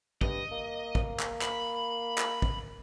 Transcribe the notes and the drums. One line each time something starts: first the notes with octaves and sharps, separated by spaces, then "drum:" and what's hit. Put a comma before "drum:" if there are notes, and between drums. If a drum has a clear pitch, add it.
G2 D#5, drum: kick
A#3
drum: kick
drum: clap
B5, drum: clap
drum: clap
drum: kick